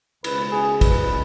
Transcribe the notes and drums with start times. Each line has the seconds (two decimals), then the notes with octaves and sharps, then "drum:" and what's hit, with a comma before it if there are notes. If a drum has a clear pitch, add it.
0.24 C#2 B2 G#3 B4, drum: cymbal
0.53 G#4
0.81 B4, drum: kick, cymbal